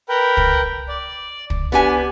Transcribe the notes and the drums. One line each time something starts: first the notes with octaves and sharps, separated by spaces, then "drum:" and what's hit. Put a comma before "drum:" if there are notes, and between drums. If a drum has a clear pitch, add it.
A#4 B4 G5
drum: kick
D5
drum: kick
B3 D4 G4 G#5